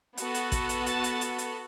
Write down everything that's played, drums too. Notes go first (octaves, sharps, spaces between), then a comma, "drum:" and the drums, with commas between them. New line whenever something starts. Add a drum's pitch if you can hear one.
B3 F#4 A4, drum: hi-hat
drum: hi-hat
drum: kick, hi-hat
drum: hi-hat
A5, drum: hi-hat
drum: hi-hat
drum: hi-hat
drum: hi-hat